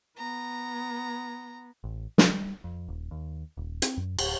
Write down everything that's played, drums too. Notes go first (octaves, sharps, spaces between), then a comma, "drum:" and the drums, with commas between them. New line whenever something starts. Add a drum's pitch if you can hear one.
B3 A#5
A1
G3, drum: snare
F2
D#1
D#2
D#1
C4, drum: hi-hat
F#2
D1, drum: cymbal